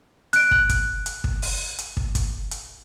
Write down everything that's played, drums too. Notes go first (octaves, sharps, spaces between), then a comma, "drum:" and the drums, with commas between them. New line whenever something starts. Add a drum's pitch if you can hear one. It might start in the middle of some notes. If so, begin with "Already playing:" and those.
F#6 D7, drum: hi-hat
drum: kick
drum: kick, hi-hat
drum: hi-hat
drum: kick
drum: open hi-hat
drum: hi-hat
drum: kick
drum: kick, hi-hat
drum: hi-hat